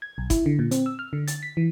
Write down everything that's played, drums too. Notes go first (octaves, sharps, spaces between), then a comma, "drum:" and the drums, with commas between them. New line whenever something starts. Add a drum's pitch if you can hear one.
G#6
B1
E4, drum: kick F#1, hi-hat
D3
A#2
C4, drum: hi-hat
E6
F6
D3
A6, drum: hi-hat
B6
E3